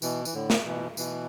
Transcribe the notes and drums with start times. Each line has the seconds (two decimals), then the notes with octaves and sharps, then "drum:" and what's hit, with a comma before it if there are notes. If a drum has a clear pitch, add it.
0.02 B2 E3, drum: tambourine
0.25 E3, drum: tambourine
0.34 A2 D3
0.50 drum: snare
0.66 B2 E3
0.97 B2 E3, drum: tambourine